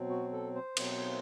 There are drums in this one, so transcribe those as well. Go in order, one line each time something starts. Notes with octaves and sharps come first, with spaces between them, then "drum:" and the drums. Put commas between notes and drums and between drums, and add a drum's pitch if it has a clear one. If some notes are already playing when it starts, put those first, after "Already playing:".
Already playing: B2 F#3 C4
F#4
A4
C5
B2 F#3 C4, drum: cymbal